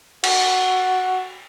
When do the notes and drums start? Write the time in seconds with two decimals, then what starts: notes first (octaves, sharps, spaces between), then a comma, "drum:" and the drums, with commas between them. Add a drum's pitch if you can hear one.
0.24 F#4, drum: cymbal